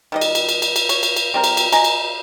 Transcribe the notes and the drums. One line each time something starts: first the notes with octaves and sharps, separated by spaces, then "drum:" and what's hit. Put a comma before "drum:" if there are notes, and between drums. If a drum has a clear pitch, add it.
D#3 G3 D#5
drum: cymbal
drum: cymbal
drum: cymbal
drum: cymbal
drum: cymbal
C#5, drum: cymbal
drum: cymbal
drum: cymbal
G3 C4 A#4
drum: cymbal
drum: cymbal
D#5 G#5 A#5, drum: cymbal
drum: cymbal